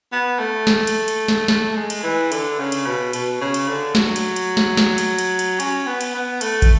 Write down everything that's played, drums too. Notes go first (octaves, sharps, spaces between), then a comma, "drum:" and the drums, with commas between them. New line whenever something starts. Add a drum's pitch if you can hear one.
B3
A3
drum: snare
drum: cymbal
drum: cymbal
drum: snare
A3, drum: snare
G#3
drum: cymbal
E3
D3, drum: cymbal
C#3
drum: cymbal
B2
B2, drum: cymbal
C#3
drum: cymbal
D3
F#3, drum: snare
drum: cymbal
drum: cymbal
drum: snare
drum: snare
drum: cymbal
drum: cymbal
drum: cymbal
C#4, drum: cymbal
B3
drum: cymbal
B3
A3, drum: cymbal
drum: kick, cymbal